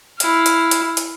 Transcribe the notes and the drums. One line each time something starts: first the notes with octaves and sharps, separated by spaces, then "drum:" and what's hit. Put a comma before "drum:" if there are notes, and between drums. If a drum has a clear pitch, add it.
E4 F5, drum: hi-hat
drum: hi-hat
drum: hi-hat
drum: hi-hat